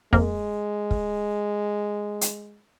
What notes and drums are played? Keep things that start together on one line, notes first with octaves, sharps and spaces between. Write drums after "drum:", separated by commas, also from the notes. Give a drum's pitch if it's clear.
F2 G#3 A#3, drum: kick
drum: kick
drum: hi-hat